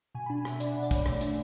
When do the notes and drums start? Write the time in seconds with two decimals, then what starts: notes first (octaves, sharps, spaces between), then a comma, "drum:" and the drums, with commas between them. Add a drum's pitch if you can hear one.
0.15 B2 G#5
0.26 D4 B5
0.37 G#5
0.45 B2 E5, drum: rim click
0.60 D4 D5, drum: hi-hat
0.72 B2 F#5
0.83 D5
0.91 B2 C#5, drum: kick, hi-hat
1.06 A3 D5, drum: rim click
1.21 D4 E5, drum: hi-hat